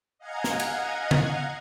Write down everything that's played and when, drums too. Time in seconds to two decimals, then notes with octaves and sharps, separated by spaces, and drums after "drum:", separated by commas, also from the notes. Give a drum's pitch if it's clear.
0.19 D#5 F5 F#5 G#5 A#5 G#6
0.44 drum: snare
0.60 drum: cymbal
1.11 drum: tom C#3